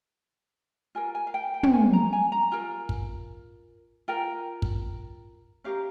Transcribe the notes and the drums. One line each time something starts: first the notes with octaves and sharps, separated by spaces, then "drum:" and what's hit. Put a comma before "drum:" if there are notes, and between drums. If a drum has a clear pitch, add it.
F4 A#4 G#5
G#5
F5
G5
G5
drum: tom
G#5
A#5
G#5
A#5
F4 A#4 G#5
drum: kick
F4 A#4 G5
drum: kick
C#4 G4 A#4 F5